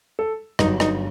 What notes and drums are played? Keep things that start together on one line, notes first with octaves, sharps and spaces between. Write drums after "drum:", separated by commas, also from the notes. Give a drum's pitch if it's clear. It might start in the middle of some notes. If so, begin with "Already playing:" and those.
A4
G1 G2 F#3 D#4, drum: rim click
D#4, drum: rim click